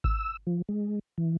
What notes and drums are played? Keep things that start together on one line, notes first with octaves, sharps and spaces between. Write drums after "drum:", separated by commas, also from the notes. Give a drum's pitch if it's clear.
E6, drum: kick G#1
F3
G#3
E3